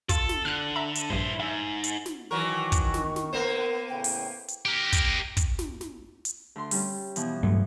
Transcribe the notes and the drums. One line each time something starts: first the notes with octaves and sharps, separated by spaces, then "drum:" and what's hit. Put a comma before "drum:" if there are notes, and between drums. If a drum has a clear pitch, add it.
F4 A4, drum: kick, hi-hat
drum: snare
D3 F6 F#6
E5 A#5
drum: hi-hat
A#1 G2 E4 C5
G#2 E5
drum: hi-hat
drum: snare
D#3 E3 F#3 A#4 C#6
drum: kick, hi-hat
drum: snare
drum: snare
A#3 B3 A#4 C5
A2 C#3 G5
drum: open hi-hat
drum: hi-hat
G4 A#4
drum: kick, hi-hat
drum: kick, hi-hat
drum: snare
drum: snare
drum: hi-hat
D2 C6
G3 C#4, drum: open hi-hat
B2 E3 F3, drum: hi-hat
G2 F#3 A3